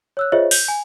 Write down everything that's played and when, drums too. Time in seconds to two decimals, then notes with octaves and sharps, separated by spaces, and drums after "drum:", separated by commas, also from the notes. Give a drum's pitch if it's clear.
0.17 C#5 E6 F#6
0.32 F4 G#4 C5 C#5 D#5 E5
0.51 G6, drum: open hi-hat
0.68 G#5